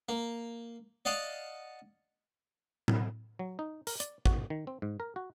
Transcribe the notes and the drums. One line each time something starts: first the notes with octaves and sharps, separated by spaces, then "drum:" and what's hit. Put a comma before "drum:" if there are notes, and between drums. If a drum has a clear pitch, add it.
A#3
D5 D#5 F5 F#5 A5
drum: tom A2
F#3
D#4
A#4, drum: open hi-hat
D5, drum: hi-hat
F#4, drum: kick
D#3
C4
G#2
A#4
F#4